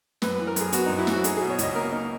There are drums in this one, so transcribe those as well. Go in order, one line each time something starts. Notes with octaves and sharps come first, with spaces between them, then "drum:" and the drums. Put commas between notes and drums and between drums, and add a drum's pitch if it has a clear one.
F#2 B4, drum: snare
E3 B4
A#4
F#2 G#4, drum: hi-hat
B3 F#4, drum: hi-hat
F#2 D#4
E4
E3 F#4, drum: snare
D#4 G#4, drum: hi-hat
B2 G#4
C#5
C#2 D#5, drum: hi-hat
A#3 A#4
D#4